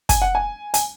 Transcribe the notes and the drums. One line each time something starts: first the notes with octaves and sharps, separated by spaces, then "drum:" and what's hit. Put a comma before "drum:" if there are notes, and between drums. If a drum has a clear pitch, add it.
G#5, drum: kick, hi-hat
F#5
G#5
G#5, drum: hi-hat